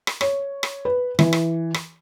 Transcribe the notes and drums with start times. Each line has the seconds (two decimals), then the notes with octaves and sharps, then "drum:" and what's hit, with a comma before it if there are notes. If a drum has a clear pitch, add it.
0.07 drum: rim click
0.21 C#5, drum: rim click
0.63 drum: rim click
0.85 B4
1.19 E3, drum: rim click
1.33 drum: rim click
1.74 drum: rim click